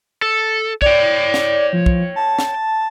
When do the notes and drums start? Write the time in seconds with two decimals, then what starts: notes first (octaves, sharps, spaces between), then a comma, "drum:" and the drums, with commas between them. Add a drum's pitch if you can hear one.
0.22 A4
0.82 C#5 D5 G5, drum: kick
1.34 drum: snare
1.73 F3
1.86 drum: kick
2.16 A5
2.39 drum: snare